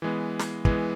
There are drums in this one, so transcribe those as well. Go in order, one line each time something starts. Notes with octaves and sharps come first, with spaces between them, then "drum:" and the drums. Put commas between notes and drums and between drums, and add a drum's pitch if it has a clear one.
E3 G#3 B3
drum: snare
E3 G#3 B3, drum: kick